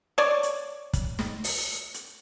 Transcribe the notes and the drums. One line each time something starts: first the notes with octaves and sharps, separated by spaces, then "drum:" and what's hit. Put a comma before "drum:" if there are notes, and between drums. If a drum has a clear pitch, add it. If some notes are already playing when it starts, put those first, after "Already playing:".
C#5 D5
drum: hi-hat
drum: kick, hi-hat
drum: snare
drum: open hi-hat
drum: hi-hat